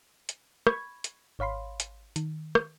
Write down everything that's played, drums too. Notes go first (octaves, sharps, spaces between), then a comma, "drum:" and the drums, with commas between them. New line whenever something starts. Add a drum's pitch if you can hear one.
drum: hi-hat
B5 C#6 G#6, drum: rim click
drum: hi-hat
G#1 C#5 F5 B5 C6
drum: hi-hat
D#3, drum: hi-hat
drum: rim click